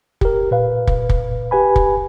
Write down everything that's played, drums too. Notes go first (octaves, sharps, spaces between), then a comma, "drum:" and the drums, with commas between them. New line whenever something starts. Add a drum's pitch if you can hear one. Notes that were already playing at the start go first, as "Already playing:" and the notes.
G4 A#4, drum: kick
A#2 B4 F5
drum: kick
drum: kick
G4 B4 G#5 B5
drum: kick